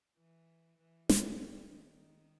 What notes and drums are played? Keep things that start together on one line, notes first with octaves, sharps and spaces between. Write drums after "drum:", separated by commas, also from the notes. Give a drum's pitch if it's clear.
E3
E3
G3, drum: snare
G3
D#3